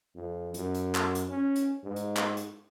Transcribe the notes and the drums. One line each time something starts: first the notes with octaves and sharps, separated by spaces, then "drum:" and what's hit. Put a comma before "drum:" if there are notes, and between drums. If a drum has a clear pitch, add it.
F2
F#2, drum: hi-hat
drum: hi-hat
drum: clap
drum: hi-hat
C#4
drum: hi-hat
G#2
drum: hi-hat
drum: clap
drum: hi-hat